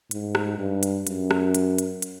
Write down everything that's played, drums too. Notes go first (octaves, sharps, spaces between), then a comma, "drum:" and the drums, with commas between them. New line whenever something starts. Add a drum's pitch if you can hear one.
G#2, drum: hi-hat
drum: rim click
G2
drum: hi-hat
F#2, drum: hi-hat
drum: rim click
drum: hi-hat
drum: hi-hat
drum: hi-hat